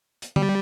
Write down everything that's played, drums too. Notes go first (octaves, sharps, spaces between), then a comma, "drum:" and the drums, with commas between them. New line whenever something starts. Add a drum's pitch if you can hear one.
drum: hi-hat
G3, drum: tom D3